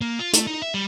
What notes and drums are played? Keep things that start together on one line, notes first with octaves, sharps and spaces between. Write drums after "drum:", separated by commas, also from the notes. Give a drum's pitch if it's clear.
A#3
F4
A3, drum: hi-hat
D#4
E5
G3